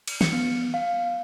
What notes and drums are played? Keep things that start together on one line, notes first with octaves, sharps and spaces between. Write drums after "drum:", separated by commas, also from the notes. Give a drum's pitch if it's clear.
drum: cymbal
C#7, drum: snare
B3
F5